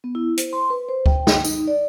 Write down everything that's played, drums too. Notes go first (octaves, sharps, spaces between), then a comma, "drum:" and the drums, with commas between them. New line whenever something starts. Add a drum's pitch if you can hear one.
B3
E4
C5, drum: hi-hat
C6
B4
C5
G5, drum: kick
drum: snare
D#4, drum: tambourine
D5